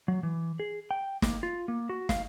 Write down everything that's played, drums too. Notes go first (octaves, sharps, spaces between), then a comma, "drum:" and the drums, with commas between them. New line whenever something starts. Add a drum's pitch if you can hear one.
F#3
E3
G#4
G5
A#3, drum: snare
F4
A#3
F#4
F5, drum: snare